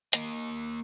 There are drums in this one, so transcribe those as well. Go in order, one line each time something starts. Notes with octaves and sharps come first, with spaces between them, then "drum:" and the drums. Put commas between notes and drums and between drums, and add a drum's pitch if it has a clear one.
A#3 D#5, drum: hi-hat